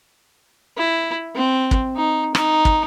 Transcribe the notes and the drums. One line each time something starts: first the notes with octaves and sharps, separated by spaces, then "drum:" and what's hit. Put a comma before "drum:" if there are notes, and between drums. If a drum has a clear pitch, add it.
E4
C4
drum: kick
D#4
D#4, drum: rim click
drum: kick